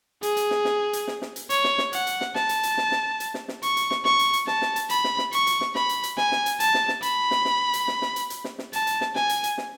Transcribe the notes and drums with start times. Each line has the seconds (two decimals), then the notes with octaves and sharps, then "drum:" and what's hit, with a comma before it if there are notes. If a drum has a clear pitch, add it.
0.23 G#4, drum: hi-hat
0.37 drum: hi-hat
0.51 drum: snare
0.65 drum: snare
0.93 drum: hi-hat
1.07 drum: snare
1.22 drum: snare
1.36 drum: hi-hat
1.50 C#5, drum: hi-hat
1.64 drum: snare
1.78 drum: snare
1.93 F#5, drum: hi-hat
2.07 drum: hi-hat
2.21 drum: snare
2.35 A5, drum: snare
2.49 drum: hi-hat
2.63 drum: hi-hat
2.78 drum: snare
2.92 drum: snare
3.20 drum: hi-hat
3.34 drum: snare
3.48 drum: snare
3.62 C#6, drum: hi-hat
3.77 drum: hi-hat
3.91 drum: snare
4.05 C#6, drum: snare
4.19 drum: hi-hat
4.33 drum: hi-hat
4.47 A5, drum: snare
4.62 drum: snare
4.76 drum: hi-hat
4.90 B5, drum: hi-hat
5.04 drum: snare
5.18 drum: snare
5.33 C#6, drum: hi-hat
5.47 drum: hi-hat
5.61 drum: snare
5.75 B5, drum: snare
5.89 drum: hi-hat
6.03 drum: hi-hat
6.17 G#5, drum: snare
6.32 drum: snare
6.46 drum: hi-hat
6.60 A5, drum: hi-hat
6.74 drum: snare
6.88 drum: snare
7.03 B5, drum: hi-hat
7.31 drum: snare
7.45 drum: snare
7.74 drum: hi-hat
7.88 drum: snare
8.02 drum: snare
8.16 drum: hi-hat
8.30 drum: hi-hat
8.44 drum: snare
8.59 drum: snare
8.73 A5, drum: hi-hat
8.87 drum: hi-hat
9.01 drum: snare
9.15 G#5, drum: snare
9.29 drum: hi-hat
9.44 drum: hi-hat
9.58 drum: snare